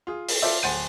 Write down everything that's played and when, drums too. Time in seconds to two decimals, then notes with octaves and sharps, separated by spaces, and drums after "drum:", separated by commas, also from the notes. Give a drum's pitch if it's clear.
0.07 F4 G#4
0.29 drum: open hi-hat
0.42 F4 A4 C5 D5 E5
0.63 D1 C5 F#5 A6 D#7